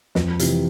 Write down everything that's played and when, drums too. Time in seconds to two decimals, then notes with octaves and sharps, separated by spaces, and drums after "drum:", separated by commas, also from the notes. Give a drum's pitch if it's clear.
0.15 F2, drum: snare
0.39 C3 E3, drum: hi-hat